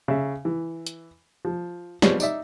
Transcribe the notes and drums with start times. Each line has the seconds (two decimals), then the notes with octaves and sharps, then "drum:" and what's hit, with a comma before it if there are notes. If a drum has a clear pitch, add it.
0.08 C#3 E5
0.45 E3
0.87 drum: hi-hat
1.45 F3
2.02 F3 G3 G#3 B3 C4 C#5, drum: snare
2.20 D#4 D5 E5, drum: tambourine